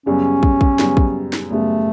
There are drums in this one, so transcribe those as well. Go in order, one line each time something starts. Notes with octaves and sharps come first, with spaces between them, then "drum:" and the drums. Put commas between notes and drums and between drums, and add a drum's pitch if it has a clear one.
F#2 C#3 G3 B3 C#4
drum: kick
drum: kick
F#2 C#3 G3 B3, drum: snare
drum: kick
drum: snare
F#2 C#3 G3 A3 B3